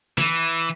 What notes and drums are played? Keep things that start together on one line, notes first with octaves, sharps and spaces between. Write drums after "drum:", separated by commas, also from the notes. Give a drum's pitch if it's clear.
E3, drum: snare